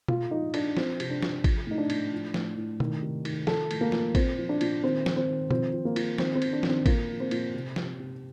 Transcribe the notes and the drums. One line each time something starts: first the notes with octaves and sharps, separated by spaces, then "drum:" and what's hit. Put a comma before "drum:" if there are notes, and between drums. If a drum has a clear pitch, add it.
A#2 F4, drum: tom B2
F3 D#4
F3 D4, drum: cymbal
F3 C4, drum: snare
C3, drum: cymbal
D4
C3, drum: snare
F3, drum: kick G#1, cymbal
A2 D#4
D4
A2, drum: cymbal
F3
A2, drum: snare
A2
D#3, drum: tom B2
C3
D#3, drum: cymbal
F3 A4, drum: snare
A2, drum: cymbal
A#3
F3, drum: snare
A#2 C4, drum: kick G#1, cymbal
F3
D4
A#2, drum: cymbal
D#3 C4
D#3, drum: snare
C4
D#3
F3 C4, drum: tom B2
F3
A#3
F3, drum: cymbal
D#3 C4, drum: snare
C4
D#3, drum: cymbal
D4
D#3, drum: snare
C4
A#2 A#3, drum: kick G#1, cymbal
F3
C4
A#2, drum: cymbal
C3
C3, drum: snare
C3